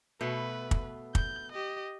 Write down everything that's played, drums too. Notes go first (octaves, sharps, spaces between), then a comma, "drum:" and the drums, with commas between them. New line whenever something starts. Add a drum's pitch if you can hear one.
B2 A3 B4
drum: kick
G6, drum: kick
G4 D#5